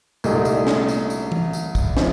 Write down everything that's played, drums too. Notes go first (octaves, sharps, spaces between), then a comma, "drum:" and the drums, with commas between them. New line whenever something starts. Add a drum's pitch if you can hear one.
C2 A#2 A3 D#4 G4, drum: tambourine
drum: tambourine
drum: snare
drum: tambourine
drum: tambourine
drum: tom
drum: tambourine
drum: kick, tambourine
F3 C4 D#4, drum: snare